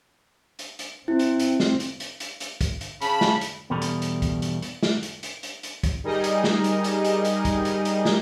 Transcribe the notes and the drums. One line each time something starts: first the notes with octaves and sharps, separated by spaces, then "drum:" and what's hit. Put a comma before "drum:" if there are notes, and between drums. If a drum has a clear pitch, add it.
drum: hi-hat
drum: hi-hat
C4 E4
drum: hi-hat
drum: hi-hat
drum: snare
drum: hi-hat
drum: hi-hat
drum: hi-hat
drum: hi-hat
drum: kick, hi-hat
drum: hi-hat
C#3 A5 B5, drum: hi-hat
drum: snare
drum: hi-hat
E2 B2 G3 A4 A#4 B5
drum: hi-hat
drum: hi-hat
drum: kick, hi-hat
drum: hi-hat
drum: hi-hat
drum: snare
drum: hi-hat
drum: hi-hat
drum: hi-hat
drum: hi-hat
drum: kick, hi-hat
G3 D#4 G#4 A#4 D#5
drum: hi-hat
drum: snare
drum: hi-hat
drum: hi-hat
drum: hi-hat
drum: hi-hat
drum: kick, hi-hat
drum: hi-hat
drum: hi-hat
drum: snare